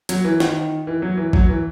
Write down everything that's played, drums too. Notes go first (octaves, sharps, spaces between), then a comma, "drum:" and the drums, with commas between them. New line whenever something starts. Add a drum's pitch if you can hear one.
F#3, drum: hi-hat
E3
D#3, drum: snare
E3
F#3
E3
F#3, drum: kick
E3